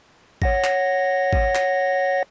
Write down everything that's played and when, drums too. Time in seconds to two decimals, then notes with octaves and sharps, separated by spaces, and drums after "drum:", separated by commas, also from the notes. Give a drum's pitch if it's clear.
0.42 C#5 F#5 A#6, drum: kick
0.64 drum: clap
1.33 drum: kick
1.55 drum: clap